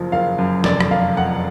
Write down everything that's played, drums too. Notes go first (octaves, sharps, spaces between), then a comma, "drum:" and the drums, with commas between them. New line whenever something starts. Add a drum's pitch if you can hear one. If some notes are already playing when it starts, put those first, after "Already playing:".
Already playing: F#1 F3
F#1 F5
F#2
F1 D5, drum: snare
drum: rim click
F1 F5
F2 F#5